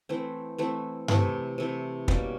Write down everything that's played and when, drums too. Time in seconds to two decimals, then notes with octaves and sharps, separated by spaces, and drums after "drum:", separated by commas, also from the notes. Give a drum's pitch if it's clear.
0.09 E3 A3 C4
0.58 E3 A3 C4
1.08 C3 E3 A3, drum: tom G2
1.58 C3 E3 A3
2.08 B2 G3 A#3 C#4, drum: kick